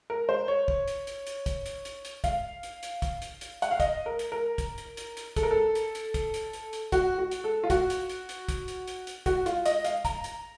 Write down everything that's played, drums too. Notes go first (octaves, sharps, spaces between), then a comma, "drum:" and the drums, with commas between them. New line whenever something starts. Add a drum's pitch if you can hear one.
A#4
C5
C#5
drum: kick
drum: hi-hat
drum: hi-hat
drum: hi-hat
drum: kick, hi-hat
drum: hi-hat
drum: hi-hat
drum: hi-hat
F5, drum: kick, hi-hat
drum: hi-hat
drum: hi-hat
drum: kick, hi-hat
drum: hi-hat
drum: hi-hat
F#5, drum: hi-hat
F5
D#5, drum: kick, hi-hat
A#4
drum: hi-hat
A#4
drum: kick, hi-hat
drum: hi-hat
drum: hi-hat
drum: hi-hat
A4, drum: kick, hi-hat
A#4
A4
drum: hi-hat
drum: hi-hat
drum: kick, hi-hat
drum: hi-hat
drum: hi-hat
drum: hi-hat
F#4, drum: kick, hi-hat
F#4
drum: hi-hat
A4
F4
F#4, drum: kick, hi-hat
drum: hi-hat
drum: hi-hat
drum: hi-hat
drum: kick, hi-hat
drum: hi-hat
drum: hi-hat
drum: hi-hat
F#4, drum: kick, hi-hat
F4, drum: hi-hat
D#5, drum: hi-hat
F5, drum: hi-hat
A#5, drum: kick, hi-hat
drum: hi-hat